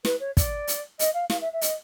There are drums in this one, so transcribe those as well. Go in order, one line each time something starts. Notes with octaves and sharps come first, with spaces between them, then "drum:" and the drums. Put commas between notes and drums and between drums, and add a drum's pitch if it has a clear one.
B4, drum: snare
C#5
D5, drum: kick, hi-hat
drum: hi-hat
D#5, drum: hi-hat
F5
F5, drum: snare
E5
E5
D#5, drum: hi-hat